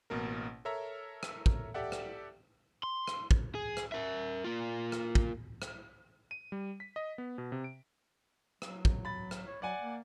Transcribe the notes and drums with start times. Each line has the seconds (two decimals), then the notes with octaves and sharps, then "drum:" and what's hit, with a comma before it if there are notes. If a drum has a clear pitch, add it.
0.10 A1 B2 A#3 A#4
0.65 A4 A#4 C#5 E5 A#5
1.23 drum: rim click
1.46 drum: kick
1.74 G4 A4 D5 E5 F#5
1.92 drum: rim click
2.83 C6
3.08 drum: rim click
3.31 drum: kick
3.55 G#4
3.77 drum: rim click
3.92 A#4 E5
4.44 A#3 F4
4.92 drum: rim click
5.15 drum: kick
5.62 drum: rim click
6.31 D#7
6.52 G3
6.80 B6
6.96 D#5
7.18 B3
7.38 B2
7.52 C3
7.64 D7
8.62 F#3, drum: rim click
8.85 drum: kick
9.05 B5 A6
9.31 drum: rim click
9.47 C#5
9.62 F#3 D5 F#5 G#5
9.80 A#3